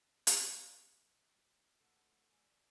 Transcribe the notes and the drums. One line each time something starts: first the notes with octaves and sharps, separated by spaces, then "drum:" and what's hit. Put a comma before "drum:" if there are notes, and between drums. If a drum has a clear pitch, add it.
drum: hi-hat
A2 A4 F#5
D5 G#5